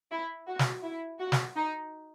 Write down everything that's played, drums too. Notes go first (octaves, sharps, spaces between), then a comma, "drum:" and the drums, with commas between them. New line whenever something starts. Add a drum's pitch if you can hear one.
E4
F#4
drum: snare
E4
F#4
drum: snare
D#4